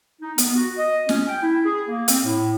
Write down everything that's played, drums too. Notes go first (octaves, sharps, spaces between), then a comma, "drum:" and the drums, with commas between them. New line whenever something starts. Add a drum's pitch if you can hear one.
D#4
B3, drum: hi-hat
F#4
D#5
C#4, drum: snare
G5
E4
G#4
A#3
C4, drum: hi-hat
A2